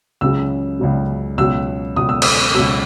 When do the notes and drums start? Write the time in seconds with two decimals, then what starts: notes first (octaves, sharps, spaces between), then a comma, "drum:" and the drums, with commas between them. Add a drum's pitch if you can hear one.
0.21 C#2 C#3 F#3 E6
0.80 C#2 C#3 F#3
1.38 C#2 B2 F#3 E6
1.96 C#2 B2 F#3 D#6
2.09 E6
2.22 D#6, drum: cymbal
2.55 C#2 B2 F#3 E6